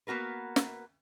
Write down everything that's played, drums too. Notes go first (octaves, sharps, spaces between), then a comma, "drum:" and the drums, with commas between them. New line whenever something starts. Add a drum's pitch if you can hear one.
A#3 B3 F#4 A#4 B4
drum: snare